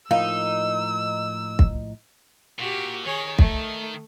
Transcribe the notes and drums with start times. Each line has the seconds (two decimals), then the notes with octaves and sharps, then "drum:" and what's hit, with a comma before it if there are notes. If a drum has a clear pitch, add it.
0.11 A2 F3 A#3 D#4 F5 E6
1.59 drum: kick
2.59 A#2 F#4 G4
3.05 D#3 G#4 C#5
3.39 A3, drum: kick